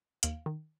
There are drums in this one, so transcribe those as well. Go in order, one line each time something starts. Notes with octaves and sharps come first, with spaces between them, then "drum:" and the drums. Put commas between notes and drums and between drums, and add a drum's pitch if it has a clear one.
D#2 F5, drum: hi-hat
D#3